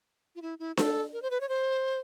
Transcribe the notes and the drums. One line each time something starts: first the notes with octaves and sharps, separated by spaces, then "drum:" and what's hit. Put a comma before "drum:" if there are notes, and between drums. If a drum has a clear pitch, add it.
F4
E4
E4
A4, drum: snare D4
A#4
C5
B4
C#5
C5